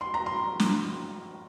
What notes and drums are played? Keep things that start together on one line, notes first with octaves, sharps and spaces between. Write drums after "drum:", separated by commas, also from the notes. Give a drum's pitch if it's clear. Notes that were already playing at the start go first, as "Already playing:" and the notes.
C6
A#5
C6
drum: snare